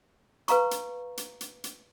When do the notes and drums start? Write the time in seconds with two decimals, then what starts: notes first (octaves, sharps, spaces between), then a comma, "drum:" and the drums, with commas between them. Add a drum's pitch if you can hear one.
0.48 B4 F5 A#5 C#6, drum: hi-hat
0.71 drum: hi-hat
1.17 drum: hi-hat
1.41 drum: hi-hat
1.64 drum: hi-hat